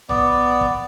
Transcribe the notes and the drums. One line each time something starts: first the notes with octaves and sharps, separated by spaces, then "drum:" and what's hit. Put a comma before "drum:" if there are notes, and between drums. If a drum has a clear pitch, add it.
B3 D5, drum: tom A#1
drum: kick